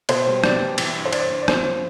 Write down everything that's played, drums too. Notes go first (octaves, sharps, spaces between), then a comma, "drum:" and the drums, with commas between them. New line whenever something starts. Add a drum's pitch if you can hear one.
B2 C5, drum: cymbal
G3
G3 D5, drum: rim click
B2
E3, drum: cymbal
G2
C5
G2 D5, drum: cymbal
G2
D5
F3 C5, drum: rim click
F3